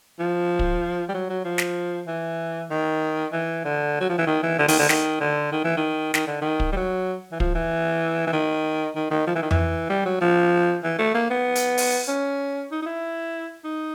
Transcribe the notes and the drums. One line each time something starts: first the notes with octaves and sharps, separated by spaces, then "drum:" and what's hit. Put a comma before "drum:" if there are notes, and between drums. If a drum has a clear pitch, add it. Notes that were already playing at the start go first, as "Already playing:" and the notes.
F3
drum: kick
G3
F#3
F#3
F3
drum: snare
E3
D#3
E3
D3
F#3
F3
E3
D#3
E3
D3
D#3, drum: open hi-hat
D3
D#3, drum: snare
D3
D#3
E3
D#3
D#3, drum: snare
D3
D#3
drum: kick
G3
F#3
E3
F3, drum: kick
E3
E3
D#3
D#3
D#3
F3
E3
D#3
E3, drum: tom F2
G3
F#3
F3
E3
A3
A#3
B3
drum: hi-hat
drum: open hi-hat
C#4
D#4
D#4
E4
D#4